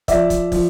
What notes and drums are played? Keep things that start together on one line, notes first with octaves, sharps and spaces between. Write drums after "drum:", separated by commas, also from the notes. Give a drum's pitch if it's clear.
F3 D5 E5, drum: kick, hi-hat
drum: kick, hi-hat
F3, drum: kick, open hi-hat